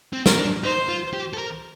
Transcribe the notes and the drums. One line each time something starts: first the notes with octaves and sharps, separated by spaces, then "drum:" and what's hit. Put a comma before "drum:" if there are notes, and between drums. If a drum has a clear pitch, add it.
C4
A#4, drum: snare
D4
D#4 C5
F4
G4
A4
A#4